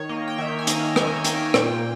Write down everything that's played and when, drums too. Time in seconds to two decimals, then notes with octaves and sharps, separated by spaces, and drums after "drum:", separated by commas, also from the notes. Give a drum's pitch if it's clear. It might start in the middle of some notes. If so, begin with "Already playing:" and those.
Already playing: D#3 C#5
0.09 A#3 D#5
0.28 G5
0.38 D#3 E5
0.59 G#5
0.67 A#3 A#5, drum: hi-hat
0.96 D#3 G#5, drum: rim click
1.24 A#3 G5, drum: hi-hat
1.54 A#2, drum: rim click